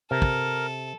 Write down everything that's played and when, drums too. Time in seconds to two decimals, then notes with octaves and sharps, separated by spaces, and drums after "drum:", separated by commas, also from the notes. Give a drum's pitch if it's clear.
0.11 C3 A4 A#4
0.22 drum: kick